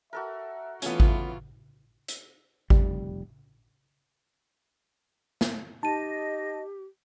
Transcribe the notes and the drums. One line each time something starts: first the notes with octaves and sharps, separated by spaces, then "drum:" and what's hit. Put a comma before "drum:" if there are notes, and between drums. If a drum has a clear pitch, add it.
F#4 A4 A#4 E5
E3 A3 B3 C#4 F4, drum: hi-hat
drum: kick G#1
drum: hi-hat
F1 G3, drum: kick G#1
drum: snare
D#4 G4 D#5 A5 D#7